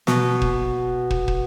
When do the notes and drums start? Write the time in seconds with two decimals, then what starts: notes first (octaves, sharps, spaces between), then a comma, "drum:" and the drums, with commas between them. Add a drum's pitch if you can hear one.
0.07 B2, drum: snare
0.42 drum: kick
1.10 drum: kick
1.28 drum: kick